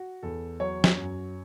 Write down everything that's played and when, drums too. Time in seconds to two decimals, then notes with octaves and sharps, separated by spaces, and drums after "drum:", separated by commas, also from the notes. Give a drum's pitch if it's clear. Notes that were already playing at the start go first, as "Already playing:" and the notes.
Already playing: F#4
0.23 E2 A4
0.60 F#3 C#5
0.84 drum: snare
0.97 F#2